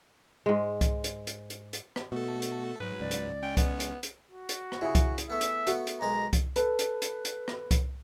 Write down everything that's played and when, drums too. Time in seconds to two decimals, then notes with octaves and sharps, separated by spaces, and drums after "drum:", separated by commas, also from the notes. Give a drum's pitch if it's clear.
0.46 G#2 G#3
0.81 drum: kick C2, hi-hat
1.04 drum: hi-hat
1.27 drum: hi-hat
1.50 drum: hi-hat
1.73 drum: hi-hat
1.96 drum: rim click
2.12 B2 A3 F#4 A4
2.42 drum: hi-hat
2.80 G#2 F#3 B4
3.00 C#2 D5
3.11 drum: hi-hat
3.43 G#3 C#4 G5
3.57 B3, drum: kick C2, hi-hat
3.80 drum: hi-hat
4.03 drum: hi-hat
4.31 F#4
4.49 drum: hi-hat
4.72 drum: rim click
4.81 C#3 E4 G#4
4.95 drum: kick C2, hi-hat
5.18 drum: hi-hat
5.30 A3 B3 E5
5.41 drum: hi-hat
5.67 A3 B3 F#4, drum: hi-hat
5.87 drum: hi-hat
6.01 B1 G#3 A#4 A#5
6.33 drum: kick C2, hi-hat
6.56 A4 B4, drum: hi-hat
6.79 drum: hi-hat
7.02 drum: hi-hat
7.25 drum: hi-hat
7.48 drum: rim click
7.71 drum: kick C2, hi-hat